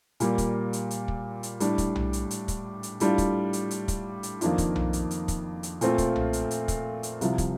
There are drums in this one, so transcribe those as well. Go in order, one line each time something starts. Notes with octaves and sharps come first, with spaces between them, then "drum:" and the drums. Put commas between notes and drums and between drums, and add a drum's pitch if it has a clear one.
A#2 G3 A#3, drum: hi-hat
drum: kick, hi-hat
drum: hi-hat
drum: hi-hat
drum: kick
drum: hi-hat
A2 G3 D4, drum: hi-hat
drum: kick, hi-hat
drum: tom B1
drum: hi-hat
drum: hi-hat
drum: kick, hi-hat
drum: hi-hat
A2 G3 D4 F4, drum: hi-hat
drum: kick, hi-hat
drum: hi-hat
drum: hi-hat
drum: kick, hi-hat
drum: hi-hat
F2 D#3 A#3 D4 F4, drum: hi-hat
drum: kick, hi-hat
drum: tom B1
drum: hi-hat
drum: hi-hat
drum: kick, hi-hat
drum: hi-hat
A#2 A3 C4 F4, drum: hi-hat
drum: kick, hi-hat
drum: tom B1
drum: hi-hat
drum: hi-hat
drum: kick, hi-hat
drum: hi-hat
C2 C3 F3, drum: hi-hat
drum: kick, hi-hat